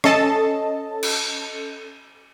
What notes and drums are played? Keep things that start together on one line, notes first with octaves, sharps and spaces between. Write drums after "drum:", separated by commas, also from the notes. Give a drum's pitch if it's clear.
C#4 A4 D#5 A5, drum: rim click
drum: cymbal